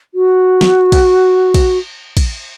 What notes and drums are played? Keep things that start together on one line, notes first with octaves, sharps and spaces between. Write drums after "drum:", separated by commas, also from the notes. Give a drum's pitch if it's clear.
F#4
drum: snare
drum: kick, cymbal
drum: kick, cymbal
drum: kick, cymbal